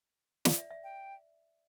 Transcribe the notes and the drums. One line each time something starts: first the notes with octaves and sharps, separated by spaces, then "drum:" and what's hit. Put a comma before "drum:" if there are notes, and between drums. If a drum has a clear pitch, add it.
D5, drum: snare
E5
E5
G5